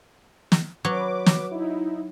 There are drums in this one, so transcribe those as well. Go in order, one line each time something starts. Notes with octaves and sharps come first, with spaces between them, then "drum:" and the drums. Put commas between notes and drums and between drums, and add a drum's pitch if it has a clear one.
drum: snare
F#3 B4 D6
drum: snare
D#4 E4